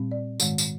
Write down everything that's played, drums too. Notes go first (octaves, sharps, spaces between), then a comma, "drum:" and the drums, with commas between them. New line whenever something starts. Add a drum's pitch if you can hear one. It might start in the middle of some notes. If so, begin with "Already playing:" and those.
Already playing: A#2 G3 C4
D5
G#2 D#3 G#3, drum: tambourine
drum: tambourine